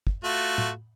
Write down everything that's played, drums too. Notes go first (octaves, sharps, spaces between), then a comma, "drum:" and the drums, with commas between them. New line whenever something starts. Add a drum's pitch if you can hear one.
drum: kick
A3 F4 F#4
drum: tom